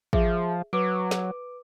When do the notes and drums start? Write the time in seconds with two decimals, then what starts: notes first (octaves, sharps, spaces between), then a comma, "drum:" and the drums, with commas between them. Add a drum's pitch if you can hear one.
0.13 F3 G#4 E5, drum: kick
0.73 F#3 B4 D6 D7
1.11 drum: snare